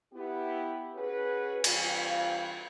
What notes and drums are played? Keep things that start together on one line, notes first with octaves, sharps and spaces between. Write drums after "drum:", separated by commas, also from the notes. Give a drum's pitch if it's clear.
B3 E4 G4
C#4 F#4 G#4 B4
G2 E3 C4 F4, drum: cymbal